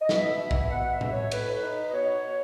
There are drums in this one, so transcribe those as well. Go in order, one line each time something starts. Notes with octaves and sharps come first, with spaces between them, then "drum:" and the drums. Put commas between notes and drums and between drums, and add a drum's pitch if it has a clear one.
D#5
B2 E5, drum: snare
B2
drum: kick A#1
B2 F#5
E5
B2, drum: tom A2
C#5
A2 B4, drum: cymbal
D#4
D#5
B2 C#5
B2